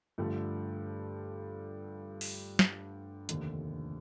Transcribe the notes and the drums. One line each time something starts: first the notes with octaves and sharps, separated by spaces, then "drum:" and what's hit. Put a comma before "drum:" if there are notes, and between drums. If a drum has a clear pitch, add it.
G2 D3 F3 A3
drum: open hi-hat
drum: snare
F1 D#2 D3, drum: hi-hat